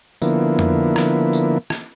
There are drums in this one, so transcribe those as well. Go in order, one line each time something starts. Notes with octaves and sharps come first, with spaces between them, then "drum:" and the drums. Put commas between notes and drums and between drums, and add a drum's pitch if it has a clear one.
D3 F3 A#3 B3 E4, drum: tambourine
drum: tom F2
drum: rim click
drum: tambourine
drum: rim click